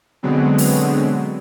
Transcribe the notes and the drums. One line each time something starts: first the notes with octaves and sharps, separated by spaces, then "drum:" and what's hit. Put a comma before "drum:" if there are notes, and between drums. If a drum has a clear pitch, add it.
B2 D3 F#3 G#3 B3 C4
drum: open hi-hat